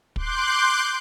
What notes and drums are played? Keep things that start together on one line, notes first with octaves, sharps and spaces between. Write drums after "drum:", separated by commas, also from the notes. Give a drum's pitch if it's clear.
C6 D6 F#6 G6, drum: kick